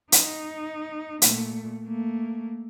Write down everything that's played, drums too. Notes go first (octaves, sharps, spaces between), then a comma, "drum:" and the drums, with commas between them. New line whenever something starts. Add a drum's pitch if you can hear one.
D#4, drum: hi-hat
A#2 A3, drum: hi-hat
A3 A#3